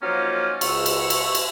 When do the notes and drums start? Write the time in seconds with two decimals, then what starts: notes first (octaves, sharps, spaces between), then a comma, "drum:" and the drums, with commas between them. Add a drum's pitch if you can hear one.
0.03 F3 F#3 A#3 C#4 D#4 F4
0.61 C#2 C#6 E6, drum: cymbal
0.86 drum: cymbal
1.10 drum: cymbal
1.35 drum: cymbal